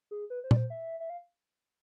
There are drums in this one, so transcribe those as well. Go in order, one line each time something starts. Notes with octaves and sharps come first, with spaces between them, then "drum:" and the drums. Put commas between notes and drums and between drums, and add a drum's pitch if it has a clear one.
G#4
B4
C5
D5, drum: tom
C5
E5
E5
F5